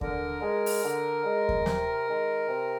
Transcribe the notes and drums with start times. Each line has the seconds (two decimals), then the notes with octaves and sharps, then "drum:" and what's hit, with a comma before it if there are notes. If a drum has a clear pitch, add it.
0.01 D3 A#4, drum: kick D#2
0.42 G#3
0.66 drum: open hi-hat
0.84 D3
1.25 G#3
1.49 drum: kick D#2
1.66 C3, drum: snare
2.08 D#3 G#3
2.49 C3